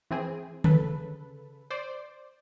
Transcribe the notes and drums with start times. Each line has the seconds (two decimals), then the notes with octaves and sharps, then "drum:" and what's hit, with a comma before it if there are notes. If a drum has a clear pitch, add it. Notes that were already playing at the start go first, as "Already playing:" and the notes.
0.11 E3 C4 G#4
0.64 C#3 A4 B4, drum: tom D3
1.70 C5 D5